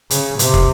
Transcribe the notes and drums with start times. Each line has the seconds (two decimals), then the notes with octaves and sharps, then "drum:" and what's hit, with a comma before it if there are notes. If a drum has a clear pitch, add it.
0.10 C#3, drum: hi-hat
0.39 C3, drum: hi-hat
0.54 drum: kick